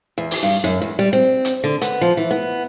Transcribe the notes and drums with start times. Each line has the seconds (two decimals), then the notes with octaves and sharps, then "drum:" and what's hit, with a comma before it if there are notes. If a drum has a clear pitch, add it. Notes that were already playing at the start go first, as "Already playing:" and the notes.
0.18 E2
0.31 drum: open hi-hat
0.43 G2
0.64 F#2
0.82 E2
0.99 G3
1.13 C4
1.45 drum: hi-hat
1.64 D3
1.82 B3, drum: hi-hat
2.01 F3
2.17 E3
2.31 B3